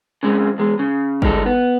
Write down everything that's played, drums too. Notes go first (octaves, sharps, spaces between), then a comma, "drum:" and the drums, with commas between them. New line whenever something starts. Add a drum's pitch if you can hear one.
C#3 G#3 C4
E2 G#3
C#3
G3 G#3 D#4 A4, drum: kick G1
B3